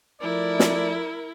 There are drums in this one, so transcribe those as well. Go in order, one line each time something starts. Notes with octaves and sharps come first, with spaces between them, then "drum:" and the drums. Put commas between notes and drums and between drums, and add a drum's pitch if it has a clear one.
F3 A3 E4 A#4 D5
drum: snare